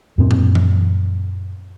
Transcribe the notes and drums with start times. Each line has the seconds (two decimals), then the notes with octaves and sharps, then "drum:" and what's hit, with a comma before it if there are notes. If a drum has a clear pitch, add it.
0.18 F#2 A#2 C4
0.31 drum: tom A2
0.55 drum: tom E3